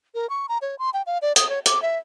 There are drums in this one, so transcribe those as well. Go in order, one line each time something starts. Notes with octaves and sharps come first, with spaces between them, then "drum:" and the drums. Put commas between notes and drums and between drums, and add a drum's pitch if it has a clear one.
A#4
C#6
A#5
C#5
C6
G5
F5
D5
D#6, drum: hi-hat
C#5
D6, drum: hi-hat
E5